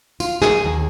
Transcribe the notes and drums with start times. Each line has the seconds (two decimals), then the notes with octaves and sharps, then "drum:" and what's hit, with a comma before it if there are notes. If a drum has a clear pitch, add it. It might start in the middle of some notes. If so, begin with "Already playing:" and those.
0.20 F4, drum: tambourine
0.42 G#4, drum: snare
0.64 D#2